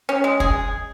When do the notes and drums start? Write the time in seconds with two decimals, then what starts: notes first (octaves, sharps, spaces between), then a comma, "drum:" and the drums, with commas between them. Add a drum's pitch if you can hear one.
0.09 C#4
0.24 G#3
0.40 G#4, drum: kick